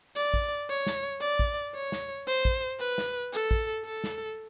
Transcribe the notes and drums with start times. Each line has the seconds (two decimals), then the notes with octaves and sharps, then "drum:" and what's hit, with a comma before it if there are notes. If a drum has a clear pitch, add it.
0.16 D5
0.34 drum: kick
0.69 C#5
0.87 drum: snare
1.21 D5
1.39 drum: kick
1.75 C#5
1.92 drum: snare
2.27 C5
2.45 drum: kick
2.80 B4
2.98 drum: snare
3.33 A4
3.51 drum: kick
3.85 A4
4.04 drum: snare